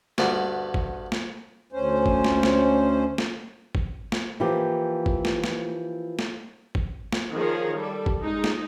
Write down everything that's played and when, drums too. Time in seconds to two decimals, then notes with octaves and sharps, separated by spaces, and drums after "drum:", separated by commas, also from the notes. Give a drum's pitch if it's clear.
0.18 D2 G2 B3 D5, drum: snare
0.74 drum: kick
1.12 drum: snare
1.73 D2 C#4 C5
2.06 drum: kick
2.24 drum: snare
2.43 drum: snare
3.18 drum: snare
3.75 drum: kick
4.12 drum: snare
4.40 E3 F3 A#3 G4
5.06 drum: kick
5.25 drum: snare
5.44 drum: snare
6.19 drum: snare
6.75 drum: kick
7.12 drum: snare
7.32 D#3 F3 D#4 G#4 C#5
7.77 G3 A4
8.06 drum: kick
8.20 G#3 D#4
8.44 drum: snare